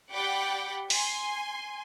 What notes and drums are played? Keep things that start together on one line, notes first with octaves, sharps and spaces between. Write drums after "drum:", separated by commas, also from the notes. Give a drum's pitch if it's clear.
G4 D5 F#5 G5 B5 D6
G#5 C6, drum: open hi-hat